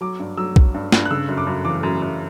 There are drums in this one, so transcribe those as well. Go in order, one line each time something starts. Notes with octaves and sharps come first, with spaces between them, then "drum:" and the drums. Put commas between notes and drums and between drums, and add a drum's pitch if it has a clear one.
F#3 D6
G2
F#3 E6
F#3, drum: kick B1
G2
G2, drum: snare
F#6
C#3 E6
F#2
D6
F#2
E3 D6
F#2
F#2